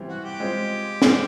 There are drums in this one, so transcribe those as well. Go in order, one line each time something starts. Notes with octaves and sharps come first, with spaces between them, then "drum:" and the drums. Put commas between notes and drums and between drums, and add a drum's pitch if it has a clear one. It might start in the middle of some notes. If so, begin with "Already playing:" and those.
Already playing: E3 G3 C4
F#4
G4
G#3 C4 F4
G#3 C4 F4, drum: snare